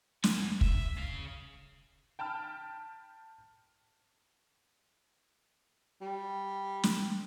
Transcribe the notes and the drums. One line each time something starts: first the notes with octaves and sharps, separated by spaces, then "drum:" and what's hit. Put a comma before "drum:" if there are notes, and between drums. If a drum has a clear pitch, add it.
F2 G#5, drum: snare
E5, drum: kick
C#3 F5
G5 A5 B5 F6
G3
drum: snare